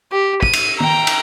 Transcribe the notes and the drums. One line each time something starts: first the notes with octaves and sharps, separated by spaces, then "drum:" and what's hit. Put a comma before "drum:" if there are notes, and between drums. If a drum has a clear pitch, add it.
G4
D#7, drum: kick
drum: cymbal
G5 A#5, drum: tom
drum: cymbal